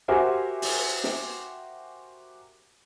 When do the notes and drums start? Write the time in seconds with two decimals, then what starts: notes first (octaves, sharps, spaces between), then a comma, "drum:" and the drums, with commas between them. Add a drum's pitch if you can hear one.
0.08 F#4 G4 A#4 C5 E5 G#5
0.62 drum: open hi-hat
1.04 drum: snare